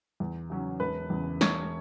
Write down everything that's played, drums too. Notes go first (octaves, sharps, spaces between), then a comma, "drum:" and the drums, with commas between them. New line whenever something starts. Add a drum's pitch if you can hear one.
E2
C#3 F#3 C#4
E1 B4
E2 C#3
E1 C#5, drum: snare